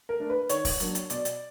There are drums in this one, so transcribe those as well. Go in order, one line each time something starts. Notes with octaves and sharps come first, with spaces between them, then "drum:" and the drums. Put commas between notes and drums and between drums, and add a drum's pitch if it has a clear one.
A#4
A3 D4
B4
D#3 C#5, drum: hi-hat
drum: kick, open hi-hat
F#3 A#3 D4, drum: hi-hat
drum: hi-hat
B2 D5, drum: hi-hat
drum: hi-hat